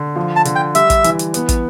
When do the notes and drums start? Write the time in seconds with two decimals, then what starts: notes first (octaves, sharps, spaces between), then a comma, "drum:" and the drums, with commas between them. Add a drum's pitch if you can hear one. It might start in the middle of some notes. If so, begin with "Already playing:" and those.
Already playing: D3
0.16 F3
0.36 A5
0.45 D3, drum: hi-hat
0.55 G5
0.75 G3 E5, drum: hi-hat
0.90 drum: kick, hi-hat
1.04 E3, drum: hi-hat
1.19 drum: hi-hat
1.34 B3, drum: hi-hat
1.49 drum: kick, hi-hat